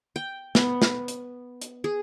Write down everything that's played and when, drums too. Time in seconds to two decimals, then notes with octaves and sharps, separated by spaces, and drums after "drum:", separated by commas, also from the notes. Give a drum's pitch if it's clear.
0.16 G5
0.55 B3, drum: snare
0.82 drum: snare
1.08 drum: hi-hat
1.61 drum: hi-hat
1.84 G#4